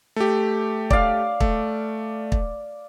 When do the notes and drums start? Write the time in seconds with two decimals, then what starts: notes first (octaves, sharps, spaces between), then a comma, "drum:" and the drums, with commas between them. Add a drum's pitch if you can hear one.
0.16 A3 G4
0.90 D5 F5, drum: kick
1.40 A3, drum: kick
2.32 drum: kick